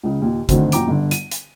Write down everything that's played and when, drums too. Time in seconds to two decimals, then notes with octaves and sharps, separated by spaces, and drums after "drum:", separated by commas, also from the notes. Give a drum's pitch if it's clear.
0.03 C#2 C#3
0.22 D#2 A#2
0.49 D2 D3 D#3 F#3 C4, drum: kick, hi-hat
0.72 F#2 A#2 G5 A#5 D6 D7, drum: hi-hat
0.88 G1 D3
1.11 D#7, drum: hi-hat
1.31 drum: hi-hat